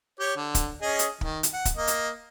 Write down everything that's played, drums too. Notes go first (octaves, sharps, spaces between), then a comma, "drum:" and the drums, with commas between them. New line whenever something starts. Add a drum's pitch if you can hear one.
G4 C#5
D3
drum: kick, hi-hat
C#4 G#4 D#5
drum: hi-hat
D#3, drum: kick
drum: hi-hat
F#5
drum: kick, hi-hat
A#3 D#5
drum: hi-hat